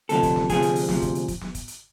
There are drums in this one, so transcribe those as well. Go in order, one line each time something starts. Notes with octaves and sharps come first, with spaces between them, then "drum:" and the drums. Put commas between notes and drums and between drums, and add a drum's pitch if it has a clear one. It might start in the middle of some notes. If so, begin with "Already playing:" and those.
D2 C3 F3 A4, drum: hi-hat
drum: kick, hi-hat
drum: snare
D2 C3 F3 G#4, drum: kick, hi-hat
drum: hi-hat
drum: open hi-hat
D2 C3 F3, drum: snare
drum: kick, hi-hat
drum: hi-hat
drum: kick, hi-hat
drum: snare
drum: kick, hi-hat
drum: hi-hat